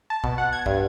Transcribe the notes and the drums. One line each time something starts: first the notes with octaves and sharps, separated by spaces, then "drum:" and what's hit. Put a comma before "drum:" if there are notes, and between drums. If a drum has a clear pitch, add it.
A5
B2, drum: kick
F#5
G#6
G2, drum: kick